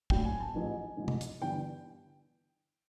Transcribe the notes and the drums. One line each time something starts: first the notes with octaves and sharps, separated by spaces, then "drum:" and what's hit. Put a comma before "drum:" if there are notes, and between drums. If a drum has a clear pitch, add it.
A#1 A2 F#3 G5, drum: kick
G#5
A5
A1 G#2 F3 G#3 G#5
A1 G#2 F3 G#3
drum: tom C3
drum: hi-hat
G1 G2 E3 G5